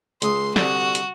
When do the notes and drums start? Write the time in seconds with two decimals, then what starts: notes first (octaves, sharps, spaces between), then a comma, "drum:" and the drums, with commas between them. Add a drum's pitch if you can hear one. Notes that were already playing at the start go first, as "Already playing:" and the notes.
0.22 C#2 C6 D#6, drum: hi-hat
0.56 C2 D3 F#4, drum: snare
0.95 drum: hi-hat